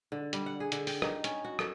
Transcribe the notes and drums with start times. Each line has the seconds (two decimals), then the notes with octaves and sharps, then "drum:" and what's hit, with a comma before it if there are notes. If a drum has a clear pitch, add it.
0.12 D3
0.33 G3, drum: hi-hat
0.46 F#5
0.60 G#4
0.72 D3, drum: hi-hat
0.87 G5, drum: open hi-hat
1.02 D#4, drum: rim click
1.24 C#4, drum: hi-hat
1.45 F#4
1.59 A4, drum: rim click